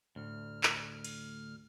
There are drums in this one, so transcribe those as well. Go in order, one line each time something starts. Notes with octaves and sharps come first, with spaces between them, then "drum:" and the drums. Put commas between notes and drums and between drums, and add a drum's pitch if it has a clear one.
D2 A2 F6
drum: clap
drum: cymbal